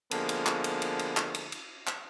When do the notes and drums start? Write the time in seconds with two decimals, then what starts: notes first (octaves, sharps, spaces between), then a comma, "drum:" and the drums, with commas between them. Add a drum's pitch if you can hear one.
0.11 D3 F3 G#3 A#3 B3, drum: cymbal
0.29 drum: cymbal
0.46 drum: clap
0.64 drum: cymbal
0.82 drum: cymbal
0.99 drum: cymbal
1.17 drum: clap
1.34 drum: cymbal
1.52 drum: cymbal
1.87 drum: clap